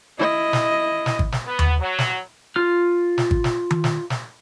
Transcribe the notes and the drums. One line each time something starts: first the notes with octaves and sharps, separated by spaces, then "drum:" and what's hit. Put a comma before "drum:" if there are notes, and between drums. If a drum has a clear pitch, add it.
E4 D#5
drum: snare
drum: snare
drum: kick G#1
drum: snare
B3
drum: tom D#2
F#3
drum: snare
F4 F6
drum: snare
drum: kick G#1
drum: snare
drum: tom D#3
drum: snare
drum: snare